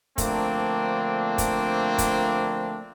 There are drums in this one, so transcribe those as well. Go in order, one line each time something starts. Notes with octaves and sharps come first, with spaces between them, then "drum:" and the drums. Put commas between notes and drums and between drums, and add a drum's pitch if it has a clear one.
D3 F3 A3 A#3 C4 D4, drum: kick, hi-hat
drum: kick, hi-hat
drum: kick, hi-hat